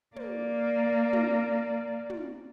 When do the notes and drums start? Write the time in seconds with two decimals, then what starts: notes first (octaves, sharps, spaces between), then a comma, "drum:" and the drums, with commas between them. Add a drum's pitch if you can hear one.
0.16 A#3 D5, drum: tom
1.13 drum: tom
2.10 drum: tom